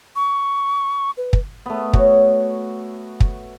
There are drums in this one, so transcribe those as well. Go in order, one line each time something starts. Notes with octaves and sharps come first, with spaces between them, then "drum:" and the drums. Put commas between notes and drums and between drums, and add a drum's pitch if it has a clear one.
C#6
B4
drum: kick
A3 B3
F#4 C#5, drum: kick
drum: kick